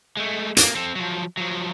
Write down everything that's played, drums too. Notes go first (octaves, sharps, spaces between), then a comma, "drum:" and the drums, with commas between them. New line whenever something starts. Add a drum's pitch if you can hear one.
G#3 A3
A#3, drum: hi-hat
C4 A4
F3 F#3
F3 F#3